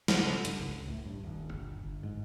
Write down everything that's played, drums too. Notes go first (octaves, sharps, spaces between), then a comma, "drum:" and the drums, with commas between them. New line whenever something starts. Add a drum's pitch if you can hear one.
F3, drum: snare
C#3
G2, drum: hi-hat
C#2
A2
G2
D#1
G1
G1
G#2